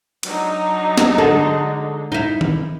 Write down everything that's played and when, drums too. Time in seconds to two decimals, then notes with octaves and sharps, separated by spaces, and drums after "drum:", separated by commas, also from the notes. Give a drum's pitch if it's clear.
0.23 F#3 D4 D#4, drum: cymbal
0.98 drum: snare
1.18 D3 G#3 A4
2.12 D#4 E4
2.41 drum: tom D#3